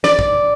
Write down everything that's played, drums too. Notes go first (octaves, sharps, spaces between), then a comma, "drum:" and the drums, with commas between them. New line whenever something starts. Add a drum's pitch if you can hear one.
D5, drum: snare
drum: kick